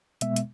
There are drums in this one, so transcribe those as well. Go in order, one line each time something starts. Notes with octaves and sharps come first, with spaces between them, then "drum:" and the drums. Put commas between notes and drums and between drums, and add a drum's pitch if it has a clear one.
B2 G#3 B3 E5, drum: hi-hat
drum: hi-hat